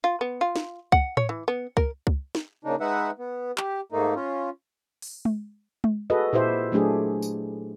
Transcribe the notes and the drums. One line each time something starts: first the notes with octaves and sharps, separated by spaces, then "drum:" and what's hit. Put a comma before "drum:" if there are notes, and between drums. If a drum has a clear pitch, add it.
F4
B3
F4
drum: snare
F#5, drum: kick C#2
C#5, drum: tom A2
E3
B3
A#4, drum: kick C#2
drum: kick C#2
drum: snare
A#2 C#3 D4 D#4
G#3 D#4 B4 E5 F#5
B3
G4, drum: clap
G#2 A3 A#3 D#4
C#4 F4
drum: open hi-hat
drum: tom G#3
drum: tom G#3
F#4 G#4 A4 B4 D#5
A#2 E4 G4 C5 E5
F#3 A3 D4 G4 G#4
drum: tambourine